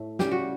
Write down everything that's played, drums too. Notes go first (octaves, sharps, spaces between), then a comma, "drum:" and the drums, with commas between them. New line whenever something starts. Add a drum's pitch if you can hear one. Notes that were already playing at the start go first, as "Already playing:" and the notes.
Already playing: A2 A3
C#3 G3 G4, drum: snare
F#4